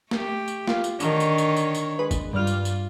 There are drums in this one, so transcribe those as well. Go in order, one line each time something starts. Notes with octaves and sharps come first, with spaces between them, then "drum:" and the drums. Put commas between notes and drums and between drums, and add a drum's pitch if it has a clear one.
A3 G4, drum: snare
drum: tambourine
F4, drum: snare
drum: tambourine
D3 D#3 D4 C#5, drum: tambourine
drum: tambourine
drum: tambourine
drum: tambourine
drum: tambourine
G#3 B4
drum: kick, tambourine
G2 F4 D5 F6
drum: tambourine
drum: tambourine